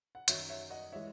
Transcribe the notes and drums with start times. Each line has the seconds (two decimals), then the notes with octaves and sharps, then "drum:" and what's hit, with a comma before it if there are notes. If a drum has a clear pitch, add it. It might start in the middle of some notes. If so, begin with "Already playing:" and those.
0.15 F#5
0.28 F#2 D#3 F#3 C#5 E5, drum: hi-hat
0.49 C#5 E5
0.70 D#5 F#5
0.92 E3 G#3 C#5 E5